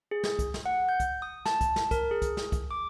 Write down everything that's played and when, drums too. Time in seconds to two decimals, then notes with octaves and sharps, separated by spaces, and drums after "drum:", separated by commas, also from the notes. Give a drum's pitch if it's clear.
0.11 G#4
0.24 drum: snare
0.39 drum: kick, hi-hat
0.54 drum: snare
0.66 F#5
0.89 G6
1.00 drum: kick, hi-hat
1.22 D#6
1.46 A5, drum: snare
1.61 drum: kick, hi-hat
1.76 drum: snare
1.91 A#4, drum: kick, hi-hat
2.11 G#4
2.22 drum: kick, hi-hat
2.37 drum: snare
2.52 drum: kick, hi-hat
2.71 D6